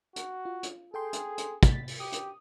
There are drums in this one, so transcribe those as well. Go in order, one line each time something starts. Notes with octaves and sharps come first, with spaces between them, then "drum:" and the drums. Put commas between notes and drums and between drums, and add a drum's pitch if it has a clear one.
F#4, drum: hi-hat
F4
drum: hi-hat
G#4 A4 G5 C6
drum: hi-hat
drum: hi-hat
A6 B6, drum: kick, hi-hat
drum: open hi-hat
G4 D#6
drum: hi-hat